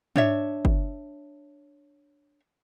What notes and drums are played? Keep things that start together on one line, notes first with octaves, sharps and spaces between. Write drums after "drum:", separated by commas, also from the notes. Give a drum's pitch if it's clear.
D4 C#5 E5, drum: tom G#2
drum: kick G1